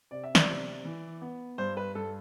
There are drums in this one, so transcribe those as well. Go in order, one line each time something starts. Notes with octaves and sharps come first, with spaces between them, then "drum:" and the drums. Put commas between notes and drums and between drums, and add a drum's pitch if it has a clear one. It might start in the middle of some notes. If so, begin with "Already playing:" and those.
C3 D5
E5
D5, drum: snare
C3
E3
B3
G2 C5
B4
G2 A4